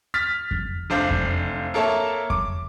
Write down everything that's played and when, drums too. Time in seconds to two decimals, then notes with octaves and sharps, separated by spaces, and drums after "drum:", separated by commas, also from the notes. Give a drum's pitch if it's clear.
0.14 F6 A6 B6
0.51 drum: kick F2
0.90 F1 D4 C5 F5
1.11 drum: kick F2
1.74 A#3 A4 C#5 E5 A5
2.30 D6, drum: kick F2